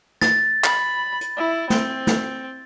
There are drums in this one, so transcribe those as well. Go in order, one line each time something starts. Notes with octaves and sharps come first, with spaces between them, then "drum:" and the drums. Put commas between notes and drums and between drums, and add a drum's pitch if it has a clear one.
A6, drum: snare
B5, drum: clap
drum: hi-hat
E4
C4, drum: snare
drum: snare